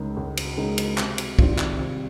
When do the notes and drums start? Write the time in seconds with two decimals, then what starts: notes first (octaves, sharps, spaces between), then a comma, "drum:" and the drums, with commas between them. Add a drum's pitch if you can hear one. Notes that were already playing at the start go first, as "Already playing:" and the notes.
Already playing: C#2 C#3 G#3 D#4 A#4
0.17 C#2
0.37 drum: cymbal
0.57 C#3 G#3 D#4 A#4
0.78 drum: cymbal
0.98 C3, drum: clap
1.18 drum: cymbal
1.39 D#3 G3 C4 F4, drum: kick
1.58 drum: clap
1.79 C3